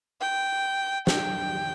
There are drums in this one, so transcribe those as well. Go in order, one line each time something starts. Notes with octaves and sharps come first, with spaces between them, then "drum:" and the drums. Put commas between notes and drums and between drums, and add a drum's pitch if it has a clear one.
G5
G5, drum: snare